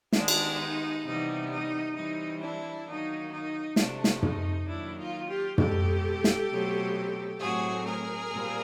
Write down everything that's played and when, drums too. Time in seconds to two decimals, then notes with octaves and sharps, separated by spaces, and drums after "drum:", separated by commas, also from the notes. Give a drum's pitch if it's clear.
0.13 D#3 G#3 B3 D4, drum: snare
0.28 drum: cymbal
0.58 D#4
1.03 C3 E3 G3 B3 D#4
1.50 D#4
1.94 E3 G3 C4 D#4
2.40 D4 E4
2.85 D#3 F#3 A#3 D#4
3.31 D#4
3.76 C3 F3 A3 D4, drum: snare
4.04 drum: snare
4.23 D#4, drum: tom
4.67 D#3 F#3 A#3 D4 E4
4.97 D#4 F4
5.28 F4 G4
5.58 B2 G#3 C4 G4 A4, drum: tom
6.24 drum: snare
6.50 B2 F#3 A3 C4
7.39 A2 F#3 A3 C4 F#4 G#4
7.85 G#4 A#4
8.31 A#2 G3 C4